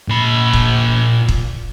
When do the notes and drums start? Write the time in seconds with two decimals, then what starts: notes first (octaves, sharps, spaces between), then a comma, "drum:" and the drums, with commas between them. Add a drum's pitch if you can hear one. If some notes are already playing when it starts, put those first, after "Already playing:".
0.08 A#2 B5
0.53 drum: kick
1.29 drum: kick